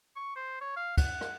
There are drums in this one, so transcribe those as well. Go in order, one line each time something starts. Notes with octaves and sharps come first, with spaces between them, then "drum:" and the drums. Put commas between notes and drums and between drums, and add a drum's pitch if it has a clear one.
C#6
C5
C#5
F5
F#5, drum: kick, cymbal
drum: rim click